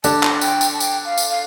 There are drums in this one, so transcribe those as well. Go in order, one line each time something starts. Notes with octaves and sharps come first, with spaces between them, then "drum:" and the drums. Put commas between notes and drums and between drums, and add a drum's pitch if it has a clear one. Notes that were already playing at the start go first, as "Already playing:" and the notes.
D3 D4 A5, drum: tambourine
drum: clap
G5, drum: tambourine
drum: tambourine
A5
G5, drum: tambourine
F5
drum: tambourine
F5